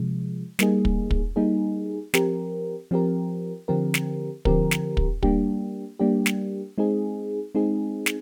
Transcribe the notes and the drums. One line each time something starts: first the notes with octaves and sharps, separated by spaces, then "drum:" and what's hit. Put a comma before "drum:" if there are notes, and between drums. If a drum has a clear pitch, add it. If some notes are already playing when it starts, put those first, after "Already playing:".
Already playing: C3 F3 G#3
G3 A#3 D#4 G#4, drum: snare
drum: kick
drum: kick
G3 A#3 D#4 G#4
F3 C4 G4 A#4, drum: snare
F3 C4 G4 A#4
D3 F3 C4 G4 A#4
drum: snare
D3 F3 C4 G4 A#4, drum: kick
drum: snare
drum: kick
G3 A#3 D4 G4, drum: kick
G3 A#3 D4 G4
drum: snare
G#3 C4 D#4 G#4
G#3 C4 D#4 G#4
drum: snare